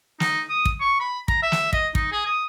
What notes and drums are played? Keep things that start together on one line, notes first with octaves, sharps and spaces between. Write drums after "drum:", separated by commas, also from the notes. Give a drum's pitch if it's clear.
D#4, drum: snare
D#6
drum: kick
C#6
B5
A#5, drum: kick
E5
drum: snare
D#5, drum: kick
D#4, drum: kick
G#4
D#6